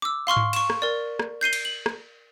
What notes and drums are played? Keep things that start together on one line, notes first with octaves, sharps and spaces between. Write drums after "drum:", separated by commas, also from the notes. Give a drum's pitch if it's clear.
D6 E6
F5 C6 C#6 F6
drum: tom G#2
C#6 E7, drum: cymbal
drum: rim click
A#4 D5
drum: rim click
G6 C7 D#7 G7
drum: cymbal
F#7
drum: rim click